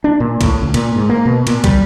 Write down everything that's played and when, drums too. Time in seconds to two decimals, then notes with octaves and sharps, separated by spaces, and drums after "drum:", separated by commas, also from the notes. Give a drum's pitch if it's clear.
0.04 D4
0.20 A#2
0.41 A2, drum: kick, cymbal
0.62 C#2
0.74 A#2, drum: cymbal
0.96 G#2
1.09 A#3
1.26 B2
1.47 A#2, drum: cymbal
1.64 G3, drum: kick, cymbal